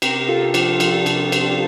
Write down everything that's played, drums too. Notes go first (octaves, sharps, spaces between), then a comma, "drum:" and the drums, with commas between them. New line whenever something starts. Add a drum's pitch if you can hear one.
C3 G4 A#4, drum: cymbal
C3 F4 A4
F3 D4 F4, drum: cymbal
F3, drum: cymbal
C3, drum: cymbal
C3, drum: cymbal